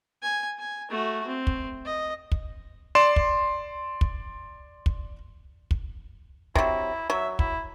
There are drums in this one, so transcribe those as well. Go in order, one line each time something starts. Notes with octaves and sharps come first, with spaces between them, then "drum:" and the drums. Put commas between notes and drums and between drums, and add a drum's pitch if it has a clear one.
G#5
G#5
A3 F#4
C4
drum: kick
D#5
drum: kick
D5 C6 E7
drum: kick
drum: kick
drum: kick
drum: kick
C3 F#3 E4, drum: kick
F#3 E5
E4, drum: kick